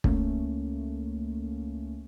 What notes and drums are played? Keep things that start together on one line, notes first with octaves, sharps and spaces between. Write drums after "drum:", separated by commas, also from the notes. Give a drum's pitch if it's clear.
C#2 A3 A#3 C#4, drum: kick